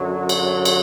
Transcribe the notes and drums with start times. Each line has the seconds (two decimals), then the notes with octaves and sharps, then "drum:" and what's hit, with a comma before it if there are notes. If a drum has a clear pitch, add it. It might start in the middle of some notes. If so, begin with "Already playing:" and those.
Already playing: F#2 D3 F#3
0.29 drum: cymbal
0.65 drum: cymbal